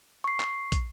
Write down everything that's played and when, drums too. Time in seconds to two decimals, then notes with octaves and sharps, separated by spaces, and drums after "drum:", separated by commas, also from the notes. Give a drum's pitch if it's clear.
0.24 C#6 C7
0.40 drum: clap
0.72 drum: kick, hi-hat